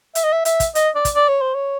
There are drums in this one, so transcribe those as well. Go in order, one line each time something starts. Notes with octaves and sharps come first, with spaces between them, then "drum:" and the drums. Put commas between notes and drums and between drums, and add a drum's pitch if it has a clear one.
E5, drum: hi-hat
D#5
E5
E5, drum: hi-hat
drum: kick, hi-hat
D#5, drum: hi-hat
D5
drum: kick, hi-hat
D5
C#5
C5
C#5